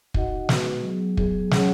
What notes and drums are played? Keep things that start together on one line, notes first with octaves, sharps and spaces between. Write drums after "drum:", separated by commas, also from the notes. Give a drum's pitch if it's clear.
D#4 F#4 D#5 F#5, drum: kick
B3 F#4 B4, drum: snare
F#3 B3 G#4
F#3 B3 G#4, drum: kick
F#3 C#4 G#4 C#5 F#5, drum: snare